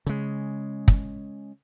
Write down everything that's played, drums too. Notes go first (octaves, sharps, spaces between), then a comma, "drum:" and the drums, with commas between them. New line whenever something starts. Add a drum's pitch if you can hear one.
C#3 G#3
drum: kick